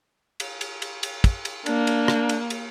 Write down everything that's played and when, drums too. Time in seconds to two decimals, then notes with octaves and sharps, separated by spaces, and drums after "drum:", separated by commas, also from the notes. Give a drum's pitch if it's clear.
0.40 drum: cymbal
0.61 drum: cymbal
0.82 drum: cymbal
1.03 drum: cymbal
1.24 drum: kick, cymbal
1.45 drum: cymbal
1.66 A#3 D4, drum: cymbal
1.87 drum: cymbal
2.08 drum: rim click
2.29 drum: cymbal
2.50 drum: cymbal